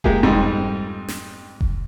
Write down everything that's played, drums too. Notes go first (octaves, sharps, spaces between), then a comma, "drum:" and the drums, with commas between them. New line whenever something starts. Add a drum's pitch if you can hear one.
G#3 A#3 F4 G4 G#4, drum: kick F1
F2 G#2 G3
drum: snare
drum: kick F1